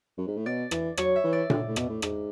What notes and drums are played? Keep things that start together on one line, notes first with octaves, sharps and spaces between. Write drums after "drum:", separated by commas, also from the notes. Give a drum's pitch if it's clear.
F#2
G#2
A2
B2 D5
E3, drum: rim click
F#3 C#5, drum: rim click
E5
E3
D5
D3, drum: tom A#2
A2
B2, drum: rim click
A2
G#2, drum: rim click